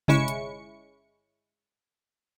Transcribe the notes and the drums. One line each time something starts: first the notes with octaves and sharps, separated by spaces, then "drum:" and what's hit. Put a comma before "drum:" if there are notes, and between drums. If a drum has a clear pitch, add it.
G1 G#3 C#4 E4 C#6 C#7, drum: tom C3
drum: hi-hat